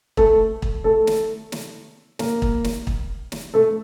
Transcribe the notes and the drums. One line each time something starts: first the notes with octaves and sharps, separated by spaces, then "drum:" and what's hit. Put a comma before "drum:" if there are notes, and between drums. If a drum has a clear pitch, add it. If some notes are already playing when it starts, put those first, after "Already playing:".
A3 A4, drum: kick
drum: kick
A3 A4
drum: snare
drum: snare
A#3 A#4, drum: snare
drum: kick
drum: snare
drum: kick
drum: snare
A3 A4